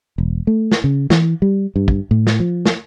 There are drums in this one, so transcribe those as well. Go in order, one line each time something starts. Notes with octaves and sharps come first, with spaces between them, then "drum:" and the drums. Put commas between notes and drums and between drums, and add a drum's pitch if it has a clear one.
E1
A3
drum: snare
C#3
E3, drum: snare
G3
G2
drum: kick
A2
drum: snare
F3
drum: snare